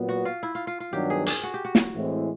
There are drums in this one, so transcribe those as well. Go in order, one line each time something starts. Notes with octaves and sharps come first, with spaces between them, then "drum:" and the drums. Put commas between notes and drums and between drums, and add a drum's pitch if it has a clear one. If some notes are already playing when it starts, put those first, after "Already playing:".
Already playing: A#2 F#3 B3
F#4
F4
E4
F4
F4
F4
G2 D#3 F#3 B3 D4 G4
G#4
G#4, drum: hi-hat
F#4
G4
F#4
drum: snare
A2 E3 G#3 C4